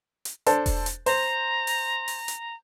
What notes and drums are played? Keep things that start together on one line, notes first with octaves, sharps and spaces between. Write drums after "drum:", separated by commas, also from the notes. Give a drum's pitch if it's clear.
drum: hi-hat
D4 A4 C5, drum: hi-hat
drum: kick E1, open hi-hat
drum: hi-hat
C5 A#5, drum: open hi-hat
drum: open hi-hat
drum: open hi-hat
drum: hi-hat